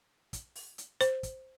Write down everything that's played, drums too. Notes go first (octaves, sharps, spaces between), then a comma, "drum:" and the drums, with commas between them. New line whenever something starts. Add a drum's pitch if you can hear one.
drum: kick, hi-hat
drum: open hi-hat
drum: hi-hat
C5, drum: hi-hat
drum: kick, hi-hat